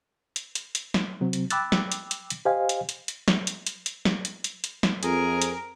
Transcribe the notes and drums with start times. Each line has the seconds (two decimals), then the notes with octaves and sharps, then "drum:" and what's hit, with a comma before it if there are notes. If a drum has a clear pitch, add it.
0.36 drum: hi-hat
0.55 drum: hi-hat
0.75 drum: hi-hat
0.94 drum: snare
1.21 C3 F#3 C4
1.33 drum: hi-hat
1.50 G5 B5 D6 E6 F#6 A6, drum: hi-hat
1.72 drum: snare
1.92 drum: hi-hat
2.11 drum: hi-hat
2.30 drum: hi-hat
2.45 G4 C5 D#5 F5 G#5
2.69 drum: hi-hat
2.89 drum: hi-hat
3.08 drum: hi-hat
3.28 drum: snare
3.47 drum: hi-hat
3.67 drum: hi-hat
3.86 drum: hi-hat
4.05 drum: snare
4.25 drum: hi-hat
4.44 drum: hi-hat
4.64 drum: hi-hat
4.83 drum: snare
5.03 F2 G#4 A#4, drum: hi-hat
5.42 drum: hi-hat